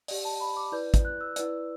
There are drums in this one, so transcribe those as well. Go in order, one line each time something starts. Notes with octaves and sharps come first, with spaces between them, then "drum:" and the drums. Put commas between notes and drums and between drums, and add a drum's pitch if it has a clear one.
G4 D5, drum: open hi-hat
A5
B5
D6
E4 B4 D5 G6
drum: kick, hi-hat
F#6
E6
E4 B4 D5, drum: hi-hat